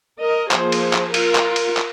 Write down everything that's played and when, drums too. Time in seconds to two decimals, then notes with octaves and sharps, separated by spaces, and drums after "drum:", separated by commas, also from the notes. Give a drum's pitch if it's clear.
0.20 A#4 D#5
0.51 F3 A#3 G#4 C5, drum: clap
0.72 drum: cymbal
0.93 drum: clap
1.14 F4 A#4, drum: cymbal
1.35 drum: clap
1.56 drum: cymbal
1.77 drum: clap